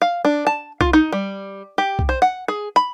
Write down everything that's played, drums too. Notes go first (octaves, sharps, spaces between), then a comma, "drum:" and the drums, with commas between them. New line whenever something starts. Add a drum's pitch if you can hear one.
F5
D4
A5
F4, drum: kick
D#4
G3
G4
drum: kick
C5
F#5
G#4
B5